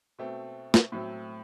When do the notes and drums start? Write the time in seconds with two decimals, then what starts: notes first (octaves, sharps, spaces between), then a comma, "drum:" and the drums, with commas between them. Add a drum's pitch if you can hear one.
0.18 B2 A3 C4
0.74 drum: snare
0.92 A2 F#3 A3 C4